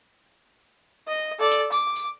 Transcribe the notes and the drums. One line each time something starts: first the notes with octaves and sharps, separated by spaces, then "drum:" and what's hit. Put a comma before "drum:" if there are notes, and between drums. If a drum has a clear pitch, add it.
D#5
A4 D5
drum: hi-hat
D6, drum: tambourine
drum: tambourine